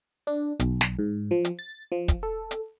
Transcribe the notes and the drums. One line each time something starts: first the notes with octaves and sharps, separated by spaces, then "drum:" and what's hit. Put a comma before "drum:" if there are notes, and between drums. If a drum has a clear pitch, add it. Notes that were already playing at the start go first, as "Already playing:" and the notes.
D4
B1, drum: hi-hat
drum: snare
G#2
F3
drum: hi-hat
A6
F3
drum: kick, hi-hat
A4
drum: hi-hat